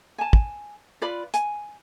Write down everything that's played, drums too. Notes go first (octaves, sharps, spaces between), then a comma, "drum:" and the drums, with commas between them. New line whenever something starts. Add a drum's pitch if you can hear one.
G#5 A5
drum: kick
F4 B4 D5 B5
G#5, drum: hi-hat